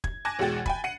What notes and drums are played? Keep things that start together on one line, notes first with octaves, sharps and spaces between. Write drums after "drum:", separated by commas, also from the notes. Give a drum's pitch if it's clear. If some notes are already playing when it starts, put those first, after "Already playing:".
G#6, drum: kick
G#5 A5 D6 F#6 G#6 A#6
B1 E2 G#3 F#4 G5 A6
G5 G#5 B5, drum: kick
F#5 C7 D#7